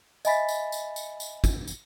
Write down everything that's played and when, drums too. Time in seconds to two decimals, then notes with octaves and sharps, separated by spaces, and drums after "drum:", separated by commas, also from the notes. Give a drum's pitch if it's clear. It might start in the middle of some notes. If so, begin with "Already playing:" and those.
0.25 D#5 E5 G#5 B5 A6 B6, drum: tambourine
0.49 drum: tambourine
0.72 drum: tambourine
0.96 drum: tambourine
1.20 drum: tambourine
1.44 drum: kick, tambourine
1.68 drum: tambourine